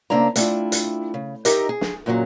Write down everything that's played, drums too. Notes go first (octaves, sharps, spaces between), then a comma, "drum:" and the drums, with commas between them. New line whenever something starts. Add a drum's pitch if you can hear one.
C#3 A#3 C4 D4 E4 A#5
A3 C4 D4 E4 F4, drum: hi-hat
drum: hi-hat
C#3
D#4 G4 A#4 D#5 E5, drum: hi-hat
G#4
drum: snare
F#2 A#2 C#3 E3 F#3